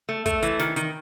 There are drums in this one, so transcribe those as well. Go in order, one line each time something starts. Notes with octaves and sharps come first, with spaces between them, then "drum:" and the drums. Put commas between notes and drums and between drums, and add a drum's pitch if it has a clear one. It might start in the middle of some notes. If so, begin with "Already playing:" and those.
A3
A3, drum: kick, hi-hat
E3, drum: hi-hat
D#3, drum: snare
D#3, drum: hi-hat